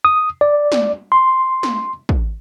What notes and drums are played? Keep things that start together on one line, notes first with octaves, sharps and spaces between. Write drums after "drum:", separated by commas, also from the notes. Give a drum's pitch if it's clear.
D#6
D5
drum: snare
C6
drum: snare
drum: kick